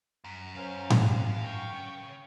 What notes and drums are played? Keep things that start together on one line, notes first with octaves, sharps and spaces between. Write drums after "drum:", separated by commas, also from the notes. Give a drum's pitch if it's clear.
F#2
C#4 C5 F5
drum: tom G#2
G5 C#6
C#3